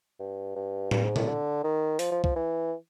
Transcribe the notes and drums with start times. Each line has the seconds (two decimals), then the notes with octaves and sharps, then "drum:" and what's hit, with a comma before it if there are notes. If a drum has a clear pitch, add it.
0.19 G2
0.56 G2
0.91 G2, drum: tom A2
1.04 G#2
1.16 A2, drum: tom A#2
1.28 D3
1.64 D#3
1.99 F3, drum: open hi-hat
2.11 F3
2.24 F3, drum: kick
2.36 E3